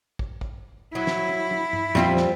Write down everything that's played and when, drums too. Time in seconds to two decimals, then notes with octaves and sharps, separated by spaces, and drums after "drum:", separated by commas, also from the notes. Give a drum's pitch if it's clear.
0.19 drum: kick
0.41 drum: kick
0.95 F#3 E4
1.07 drum: snare
1.29 drum: tom
1.51 drum: tom
1.73 drum: tom
1.95 F2 G3 C4 F4
2.17 drum: snare